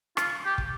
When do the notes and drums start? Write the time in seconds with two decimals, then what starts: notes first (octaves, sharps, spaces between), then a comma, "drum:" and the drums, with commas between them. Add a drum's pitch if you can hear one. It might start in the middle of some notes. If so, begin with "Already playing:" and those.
0.17 F4, drum: rim click
0.45 G4
0.58 drum: kick